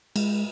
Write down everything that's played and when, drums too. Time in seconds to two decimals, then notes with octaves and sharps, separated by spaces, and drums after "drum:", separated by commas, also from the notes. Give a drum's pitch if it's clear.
0.16 G#3, drum: cymbal